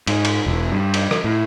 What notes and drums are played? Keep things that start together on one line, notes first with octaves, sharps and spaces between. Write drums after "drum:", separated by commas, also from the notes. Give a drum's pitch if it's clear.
G#2, drum: cymbal
drum: cymbal
E1
G2
drum: cymbal
drum: rim click
A2